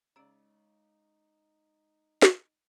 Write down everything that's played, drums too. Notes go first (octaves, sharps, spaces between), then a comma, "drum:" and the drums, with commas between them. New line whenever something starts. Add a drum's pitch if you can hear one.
C#3 G#3 D#4 D5 A#5 E6 D7
drum: snare